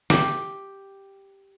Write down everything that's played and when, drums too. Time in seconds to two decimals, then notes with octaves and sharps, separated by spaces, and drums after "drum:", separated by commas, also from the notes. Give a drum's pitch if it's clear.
0.10 G4, drum: snare